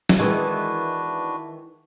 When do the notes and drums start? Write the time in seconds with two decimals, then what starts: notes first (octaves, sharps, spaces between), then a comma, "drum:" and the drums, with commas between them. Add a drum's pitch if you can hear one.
0.09 drum: snare
0.19 D#3 E3 G#3 D4 F#4 B4